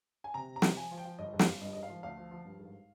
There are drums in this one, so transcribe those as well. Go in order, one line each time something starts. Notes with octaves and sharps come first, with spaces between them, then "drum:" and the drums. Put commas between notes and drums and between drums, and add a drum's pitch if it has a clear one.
G#5
C3 A#5
C3
A#5
C3, drum: snare
F3 G#5
F3
G5
F3
G1 D#5
G1
F5, drum: snare
G1
G2 D#5
G#1 D#5
F5
F3
D2 F5
F3
F3
G2
G#1